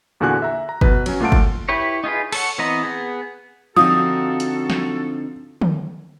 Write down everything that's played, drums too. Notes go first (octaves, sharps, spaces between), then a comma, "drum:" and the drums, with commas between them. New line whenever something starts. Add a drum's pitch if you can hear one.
E2 A#2 D3 F#4 G#5 F#6
E5 A#5
A#5
B2 B4, drum: kick G1
F#3 C#4, drum: cymbal
A#2 A3 F4 F#5 A5 D7
drum: kick G1
E4 G4 B4 C#5
D#4 F4 G#4 B4
A4 C#5 F#5, drum: cymbal
E3 B3 C4 D#5 A#5
B3 G#4
D3 F3 C4 D#4 F#4 A4 D#6
drum: hi-hat
drum: snare
drum: tom